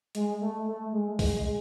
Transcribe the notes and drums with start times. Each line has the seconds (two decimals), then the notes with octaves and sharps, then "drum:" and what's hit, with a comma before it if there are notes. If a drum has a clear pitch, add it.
0.15 G#3, drum: hi-hat
0.41 A3
0.67 A3
0.93 G#3
1.19 G#3, drum: kick B1, open hi-hat
1.45 G#3